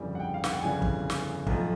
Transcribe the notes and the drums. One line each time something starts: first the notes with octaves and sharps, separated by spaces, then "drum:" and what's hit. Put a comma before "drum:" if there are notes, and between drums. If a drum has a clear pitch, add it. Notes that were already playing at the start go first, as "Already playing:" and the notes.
Already playing: G1 F2 C#3 E3 G3
F#5
G5
F5
F#5, drum: snare
G5
G1 F2 C#3 E3 G3 G#5
drum: kick
drum: snare
B1 A2 F3, drum: kick